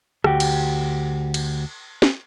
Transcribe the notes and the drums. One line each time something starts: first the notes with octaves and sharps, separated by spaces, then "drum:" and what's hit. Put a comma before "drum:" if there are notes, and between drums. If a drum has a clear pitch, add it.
D2 F#4 G4, drum: rim click
drum: cymbal
drum: cymbal
drum: snare